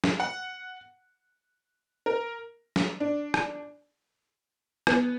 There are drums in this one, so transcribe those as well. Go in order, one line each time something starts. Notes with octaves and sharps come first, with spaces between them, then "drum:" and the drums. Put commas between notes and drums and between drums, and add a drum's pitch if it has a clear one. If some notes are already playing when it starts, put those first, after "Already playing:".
drum: snare
F#5
A#4
drum: snare
D4
drum: rim click
B3, drum: rim click